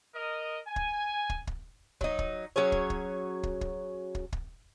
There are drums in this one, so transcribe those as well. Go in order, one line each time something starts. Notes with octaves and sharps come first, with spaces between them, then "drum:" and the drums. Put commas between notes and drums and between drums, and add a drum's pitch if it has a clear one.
A#4 D#5
G#5
drum: kick
drum: kick
drum: kick
F#3 D#4, drum: kick
drum: kick
F#3 C#4 G#4 C#5
drum: kick
drum: kick
drum: kick
drum: kick
drum: kick
drum: kick